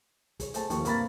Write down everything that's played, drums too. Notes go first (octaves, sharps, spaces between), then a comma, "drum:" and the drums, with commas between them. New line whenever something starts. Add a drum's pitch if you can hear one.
G#4 B4 C#5, drum: kick, hi-hat
A3 C5 A5, drum: hi-hat
D#2 F3 C#6, drum: hi-hat
G2 C3 A#3 F5 B5 A6, drum: hi-hat